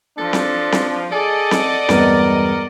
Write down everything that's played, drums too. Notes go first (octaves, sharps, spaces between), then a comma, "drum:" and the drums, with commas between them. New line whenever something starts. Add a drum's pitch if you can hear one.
F3 D4 A4
drum: snare C4
drum: snare C4
G#4 A4 D5 D#5 F#5
drum: snare C4
E1 G2 B3 A#4, drum: snare C4